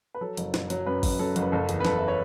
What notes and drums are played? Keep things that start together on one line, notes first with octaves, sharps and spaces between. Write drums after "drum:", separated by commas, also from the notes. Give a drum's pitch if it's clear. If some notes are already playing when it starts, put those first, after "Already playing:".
B4
F#3 A4
F#1, drum: hi-hat
F#1, drum: snare
F#3, drum: hi-hat
F#2 B4
F#3, drum: kick G#1, open hi-hat
F#3 A4
F#1, drum: hi-hat
B4
F#1 A4
E2, drum: hi-hat
B4
F#1 A4, drum: snare
E5
C#5